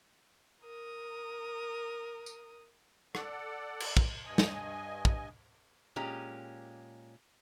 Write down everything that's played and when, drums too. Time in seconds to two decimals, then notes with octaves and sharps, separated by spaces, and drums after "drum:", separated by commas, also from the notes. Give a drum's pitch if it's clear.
0.64 A#4 D#6
2.26 drum: tambourine
3.15 A4 D5 F#5, drum: rim click
3.80 drum: cymbal
3.97 drum: kick
4.26 G2 D#5 G#5
4.38 drum: snare
5.05 drum: kick
5.96 A#2 G#3 C#4 G4 A#5